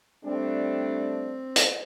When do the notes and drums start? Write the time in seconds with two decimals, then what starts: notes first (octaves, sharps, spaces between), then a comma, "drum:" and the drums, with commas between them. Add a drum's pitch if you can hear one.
0.25 G3 A3 C4 D4
1.56 drum: hi-hat